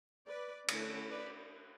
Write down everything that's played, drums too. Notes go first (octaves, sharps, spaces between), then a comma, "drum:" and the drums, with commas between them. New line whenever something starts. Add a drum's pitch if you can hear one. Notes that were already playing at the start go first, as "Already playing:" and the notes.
B4 D5
D3 A3 C#4 E4, drum: cymbal
B4 D5